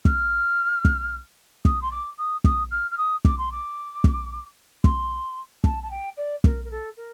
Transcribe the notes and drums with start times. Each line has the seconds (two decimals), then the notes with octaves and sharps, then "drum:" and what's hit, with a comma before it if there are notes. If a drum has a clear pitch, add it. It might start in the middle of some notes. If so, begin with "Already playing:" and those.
0.05 F6, drum: kick
0.85 drum: kick
1.65 D#6, drum: kick
1.82 C6
1.91 D6
2.18 D#6
2.44 D#6, drum: kick
2.71 F6
2.91 F6
2.97 D#6
3.25 D6, drum: kick
3.38 C6
3.52 D6
4.04 drum: kick
4.84 C6, drum: kick
5.64 A5, drum: kick
5.83 A5
5.91 G5
6.17 D5
6.44 A#4, drum: kick
6.65 A#4
6.71 A4
6.97 A#4